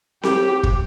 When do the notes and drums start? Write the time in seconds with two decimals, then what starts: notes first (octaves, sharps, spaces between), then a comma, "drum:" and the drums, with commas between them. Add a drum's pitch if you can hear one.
0.23 G4, drum: snare C4
0.63 drum: kick